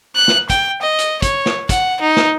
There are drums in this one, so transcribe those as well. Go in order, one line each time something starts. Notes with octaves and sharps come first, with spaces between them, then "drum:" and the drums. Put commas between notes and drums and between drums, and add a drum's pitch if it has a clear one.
F#6
drum: snare
G5, drum: kick, hi-hat
D#5
drum: hi-hat
C#5, drum: kick, hi-hat
drum: snare
F#5, drum: kick, hi-hat
D#4
drum: snare